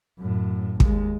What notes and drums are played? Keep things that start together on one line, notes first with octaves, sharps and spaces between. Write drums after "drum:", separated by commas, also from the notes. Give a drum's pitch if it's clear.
F#2 A2
D#2 G#3, drum: kick